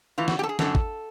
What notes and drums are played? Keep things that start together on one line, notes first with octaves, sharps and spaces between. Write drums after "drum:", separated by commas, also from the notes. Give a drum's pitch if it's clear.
A2 E3 F4
F#4, drum: snare
G4
A4
G#4
F#2 D3 A4, drum: snare
drum: kick